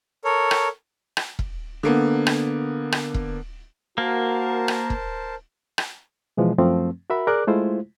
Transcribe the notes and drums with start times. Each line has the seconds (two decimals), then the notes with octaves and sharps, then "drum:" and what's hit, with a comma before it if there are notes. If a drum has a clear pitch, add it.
0.24 A4 A#4 C#5
0.51 drum: rim click
1.17 drum: rim click
1.39 drum: kick E1
1.83 D3 A#3 B3
2.27 drum: rim click
2.92 drum: rim click
3.14 drum: kick E1
3.98 A#3 F#4 A#4 C5 A5
4.68 drum: rim click
4.90 drum: kick E1
5.78 drum: rim click
6.37 B2 E3 F3 G#3
6.58 F#2 F3 A3 C4
7.10 F#4 A#4 E5 B5
7.27 G#4 A#4 D5 D6 F#6
7.47 G#3 A3 E4 F4 C5